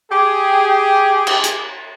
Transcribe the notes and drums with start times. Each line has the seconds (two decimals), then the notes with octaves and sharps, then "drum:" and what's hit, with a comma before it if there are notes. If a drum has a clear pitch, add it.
0.11 G4 G#4
1.27 drum: cymbal
1.44 drum: hi-hat